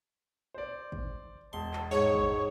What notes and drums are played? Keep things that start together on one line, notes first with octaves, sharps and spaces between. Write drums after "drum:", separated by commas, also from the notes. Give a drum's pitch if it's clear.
C5 D5
drum: kick
E1 A5 C6
drum: clap
G#2 C#5 C#6
drum: kick